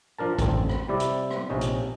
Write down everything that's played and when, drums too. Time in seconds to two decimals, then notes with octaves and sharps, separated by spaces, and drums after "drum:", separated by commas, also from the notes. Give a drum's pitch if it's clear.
0.19 F3 D4 A#4 A5
0.39 A1 D3 C4, drum: kick A1, hi-hat
0.69 drum: rim click
0.88 C3 G3 E4 D5
1.00 drum: hi-hat
1.30 drum: rim click
1.49 A#1 C3 C#4 D#4
1.61 drum: hi-hat